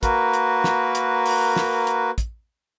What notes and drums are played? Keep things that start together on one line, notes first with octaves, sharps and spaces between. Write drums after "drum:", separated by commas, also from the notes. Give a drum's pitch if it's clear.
A#3 F#4 A#4 B4, drum: kick, hi-hat
drum: hi-hat
drum: snare
drum: hi-hat
drum: open hi-hat
drum: snare
drum: hi-hat
drum: kick, hi-hat